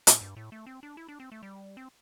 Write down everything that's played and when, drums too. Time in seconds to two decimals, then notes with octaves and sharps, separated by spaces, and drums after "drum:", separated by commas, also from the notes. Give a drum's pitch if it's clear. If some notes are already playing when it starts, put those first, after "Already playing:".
0.07 A2, drum: hi-hat
0.21 G2
0.36 A2
0.52 A3
0.67 C4
0.83 D4
0.97 E4
1.08 D4
1.20 C4
1.32 A3
1.43 G3
1.77 C4